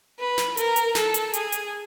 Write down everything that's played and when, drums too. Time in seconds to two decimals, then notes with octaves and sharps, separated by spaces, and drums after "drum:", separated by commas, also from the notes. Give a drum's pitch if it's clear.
0.19 B4
0.38 drum: snare
0.57 A#4, drum: hi-hat
0.76 drum: hi-hat
0.95 A4, drum: snare
1.14 drum: hi-hat
1.33 G#4, drum: hi-hat
1.52 drum: hi-hat